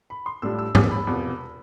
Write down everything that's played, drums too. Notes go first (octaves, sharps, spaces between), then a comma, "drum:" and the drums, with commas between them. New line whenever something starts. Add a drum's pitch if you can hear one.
B5
C6
A1 A2 G3 D4 F4 E6
E6
D6, drum: tom G#2
B5
E1 E2 C3 F3 B3